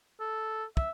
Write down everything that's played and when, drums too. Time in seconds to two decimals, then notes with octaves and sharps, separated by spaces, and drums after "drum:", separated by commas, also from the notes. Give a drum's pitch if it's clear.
0.20 A4
0.77 E5, drum: kick